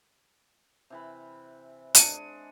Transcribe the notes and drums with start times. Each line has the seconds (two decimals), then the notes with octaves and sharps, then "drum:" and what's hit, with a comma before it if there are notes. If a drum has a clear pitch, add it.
0.90 C3 E3 B5
1.95 G#3 D4 C#7 D#7, drum: hi-hat